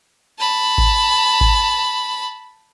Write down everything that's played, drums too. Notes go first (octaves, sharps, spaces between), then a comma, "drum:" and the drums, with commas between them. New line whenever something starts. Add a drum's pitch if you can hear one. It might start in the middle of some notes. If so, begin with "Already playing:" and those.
A5 B5
drum: kick G#1
drum: kick G#1